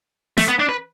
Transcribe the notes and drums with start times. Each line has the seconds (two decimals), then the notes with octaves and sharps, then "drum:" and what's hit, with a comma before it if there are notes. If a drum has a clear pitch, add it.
0.38 A3, drum: snare
0.48 B3
0.60 D4
0.69 B4